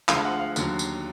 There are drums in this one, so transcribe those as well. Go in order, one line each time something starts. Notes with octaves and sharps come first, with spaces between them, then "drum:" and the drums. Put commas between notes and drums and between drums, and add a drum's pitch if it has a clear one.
D2 D3 F3 G#3 F5, drum: clap
F#5
F5
D#2 D3 F#3, drum: tambourine
drum: tambourine